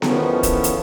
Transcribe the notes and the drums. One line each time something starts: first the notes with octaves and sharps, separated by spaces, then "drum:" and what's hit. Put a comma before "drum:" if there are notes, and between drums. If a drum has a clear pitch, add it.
E2 D#3 F3 A3 B3 C#4, drum: snare B3
drum: kick, hi-hat
drum: hi-hat